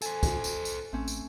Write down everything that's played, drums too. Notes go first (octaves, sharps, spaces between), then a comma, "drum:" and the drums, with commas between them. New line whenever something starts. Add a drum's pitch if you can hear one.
A4 C5 G#5, drum: tambourine
drum: kick, tambourine
drum: tambourine
drum: tambourine
A1 A3 C4 C#4
drum: tambourine